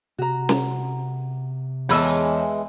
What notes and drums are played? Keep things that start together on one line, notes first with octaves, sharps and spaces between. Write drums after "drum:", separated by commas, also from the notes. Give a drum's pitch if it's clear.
C3 F#4 A#5
drum: snare
E2 E3 G#3 C#5 D#5 A5 B5 E6, drum: open hi-hat